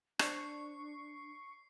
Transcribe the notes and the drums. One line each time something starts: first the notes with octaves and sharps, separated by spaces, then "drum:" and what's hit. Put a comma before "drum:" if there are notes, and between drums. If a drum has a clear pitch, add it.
D4 C5 D5 A5 C#6 C7, drum: rim click